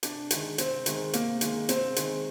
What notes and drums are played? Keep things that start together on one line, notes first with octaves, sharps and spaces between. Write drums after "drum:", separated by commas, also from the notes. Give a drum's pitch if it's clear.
C3 D4, drum: hi-hat
D#3 G#3, drum: hi-hat
C3 C4, drum: hi-hat
D#3 G#3, drum: hi-hat
C3 A#3, drum: hi-hat
D#3 G#3, drum: hi-hat
C3 C4, drum: hi-hat
D#3 G#3, drum: hi-hat